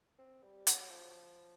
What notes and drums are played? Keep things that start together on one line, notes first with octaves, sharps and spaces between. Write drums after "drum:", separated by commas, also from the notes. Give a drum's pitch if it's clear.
C4
G3
F#3, drum: hi-hat
F3